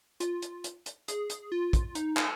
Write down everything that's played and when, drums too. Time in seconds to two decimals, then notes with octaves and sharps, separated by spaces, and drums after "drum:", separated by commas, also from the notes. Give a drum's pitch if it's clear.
0.20 F4, drum: hi-hat
0.42 drum: hi-hat
0.64 drum: hi-hat
0.86 drum: hi-hat
1.08 G#4, drum: hi-hat
1.30 drum: hi-hat
1.52 F4
1.73 drum: kick, hi-hat
1.95 D#4, drum: hi-hat
2.17 drum: clap